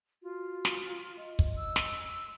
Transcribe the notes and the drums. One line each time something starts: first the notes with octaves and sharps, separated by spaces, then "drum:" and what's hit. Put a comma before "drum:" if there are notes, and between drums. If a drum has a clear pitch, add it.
F4 F#4
drum: snare
D#5
drum: kick
E6
drum: snare